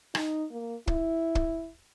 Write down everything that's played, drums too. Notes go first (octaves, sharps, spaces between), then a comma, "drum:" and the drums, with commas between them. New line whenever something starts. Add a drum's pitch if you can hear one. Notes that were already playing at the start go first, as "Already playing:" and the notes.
D#4, drum: rim click
A#3
E4, drum: kick
drum: kick